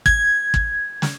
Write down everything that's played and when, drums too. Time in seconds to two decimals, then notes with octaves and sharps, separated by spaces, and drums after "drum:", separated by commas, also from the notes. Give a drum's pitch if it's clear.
0.06 G#6, drum: kick
0.54 drum: kick
1.02 drum: snare